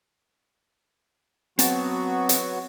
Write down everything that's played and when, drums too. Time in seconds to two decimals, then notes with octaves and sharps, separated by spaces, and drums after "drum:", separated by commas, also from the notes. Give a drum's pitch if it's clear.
1.59 F#3 B3 C4 F#4 A5, drum: hi-hat
2.29 drum: hi-hat